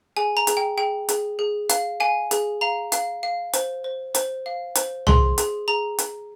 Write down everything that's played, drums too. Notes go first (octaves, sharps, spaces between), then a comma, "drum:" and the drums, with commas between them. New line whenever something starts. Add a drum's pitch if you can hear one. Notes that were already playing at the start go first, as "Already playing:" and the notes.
G#4 G#5
A#5
G#4, drum: hi-hat
G5
G#4 G5
G#4, drum: hi-hat
G#4
F5, drum: hi-hat
F5 G#5
G#4, drum: hi-hat
F5 A#5
F5, drum: hi-hat
F5
C5, drum: hi-hat
C5
C5, drum: hi-hat
F5
C5, drum: hi-hat
G#4 C6, drum: tom C2
G#4, drum: hi-hat
G#4 A#5
drum: hi-hat